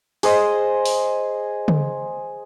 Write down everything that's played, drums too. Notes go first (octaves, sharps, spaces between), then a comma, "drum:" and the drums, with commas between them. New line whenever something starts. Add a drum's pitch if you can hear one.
G#4 C5 D#5, drum: open hi-hat
drum: open hi-hat
drum: tom